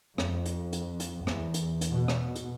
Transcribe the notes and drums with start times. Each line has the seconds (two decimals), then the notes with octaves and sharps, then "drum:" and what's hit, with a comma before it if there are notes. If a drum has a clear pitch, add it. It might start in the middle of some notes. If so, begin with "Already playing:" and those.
0.18 F2, drum: rim click
0.45 drum: hi-hat
0.73 drum: hi-hat
1.00 drum: hi-hat
1.27 E2, drum: rim click
1.54 drum: hi-hat
1.81 drum: hi-hat
1.91 B2
2.08 drum: rim click
2.35 drum: hi-hat